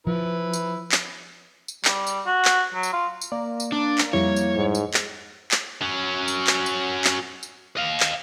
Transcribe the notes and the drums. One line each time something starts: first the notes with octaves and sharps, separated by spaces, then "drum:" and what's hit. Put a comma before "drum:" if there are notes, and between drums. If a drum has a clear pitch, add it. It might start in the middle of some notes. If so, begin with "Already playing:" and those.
F3 E4 B4
drum: tambourine
drum: clap
drum: tambourine
G3, drum: clap
drum: tambourine
F#4
drum: clap
F#3
drum: tambourine
F4
drum: tambourine
A#3 D5
drum: tambourine
D4
drum: clap
F2 G3 E4 C#5
drum: tambourine
G#2
drum: tambourine
drum: clap
drum: clap
F#3 C#4
drum: tambourine
drum: clap
drum: tambourine
drum: clap
drum: tambourine
D#5 F5
drum: clap